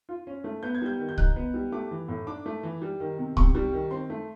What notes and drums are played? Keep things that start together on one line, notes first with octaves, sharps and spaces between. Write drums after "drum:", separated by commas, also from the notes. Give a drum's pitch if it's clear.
F4
C#4
A3
B3 G6
G#6
G3 G6
D#3
G6
D#4 F#6, drum: kick C2
B3
G3
A3 D6
E3
A2
D4 D6
A3
E3
G3
D#3
C3
C3 C#6, drum: kick C2
G3
D#3
C4 C6
A3